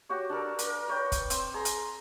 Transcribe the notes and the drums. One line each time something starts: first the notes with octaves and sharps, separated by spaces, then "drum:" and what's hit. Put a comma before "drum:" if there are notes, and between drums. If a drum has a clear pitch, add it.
F#4 G4 C#5
D4 A4 A#4
A#4, drum: hi-hat
B4 C#5 G5
drum: kick, hi-hat
C4, drum: hi-hat
G#4 A#5 C6
drum: hi-hat